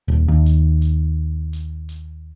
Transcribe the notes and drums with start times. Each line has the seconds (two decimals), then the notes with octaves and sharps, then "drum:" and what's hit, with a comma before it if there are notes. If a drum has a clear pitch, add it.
0.08 D#1
0.28 D#2
0.46 drum: hi-hat
0.82 drum: hi-hat
1.53 drum: hi-hat
1.89 drum: hi-hat